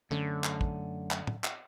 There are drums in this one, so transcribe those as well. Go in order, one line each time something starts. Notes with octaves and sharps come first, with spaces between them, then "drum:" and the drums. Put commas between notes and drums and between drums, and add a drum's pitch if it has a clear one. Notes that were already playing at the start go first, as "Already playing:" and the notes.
F#2 D3 A3 C#4
drum: clap
drum: kick
drum: clap
drum: tom
drum: clap